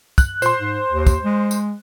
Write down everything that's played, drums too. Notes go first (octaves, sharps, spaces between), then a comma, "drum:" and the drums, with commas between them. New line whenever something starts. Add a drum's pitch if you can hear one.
F#6, drum: kick, tambourine
A#2 C5 C6, drum: tambourine
G#2
D#2
drum: kick, tambourine
G#3
drum: tambourine